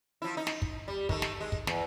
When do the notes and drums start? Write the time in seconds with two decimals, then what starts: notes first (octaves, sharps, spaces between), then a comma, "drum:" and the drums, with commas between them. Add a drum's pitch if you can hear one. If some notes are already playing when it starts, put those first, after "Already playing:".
0.22 F3 E4
0.37 D#4
0.47 drum: snare
0.62 drum: kick
0.88 G3
1.09 D#3 A3, drum: kick
1.22 drum: snare
1.41 G#3
1.52 drum: kick
1.67 E2, drum: snare